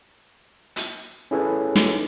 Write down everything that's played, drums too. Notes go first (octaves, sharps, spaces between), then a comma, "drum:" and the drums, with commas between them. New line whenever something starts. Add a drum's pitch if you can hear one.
drum: hi-hat
C#4 E4 G#4 A4 B4 C#5
drum: snare